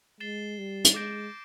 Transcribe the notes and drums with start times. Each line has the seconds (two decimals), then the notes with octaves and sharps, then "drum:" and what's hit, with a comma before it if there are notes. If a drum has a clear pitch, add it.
0.20 G#3 A6 C7 E7 G7
0.58 G3
0.85 drum: hi-hat
0.94 G#3 D6 G6 A#6 D7